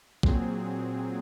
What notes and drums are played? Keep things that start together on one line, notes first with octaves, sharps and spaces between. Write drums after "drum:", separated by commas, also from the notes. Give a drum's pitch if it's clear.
A#2 F#3 C4 G#4, drum: kick A#1